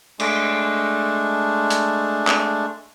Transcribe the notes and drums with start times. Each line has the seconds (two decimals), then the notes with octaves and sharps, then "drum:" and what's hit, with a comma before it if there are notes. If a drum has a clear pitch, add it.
0.20 G#3 A3 D4, drum: cymbal
1.70 drum: hi-hat
2.27 drum: clap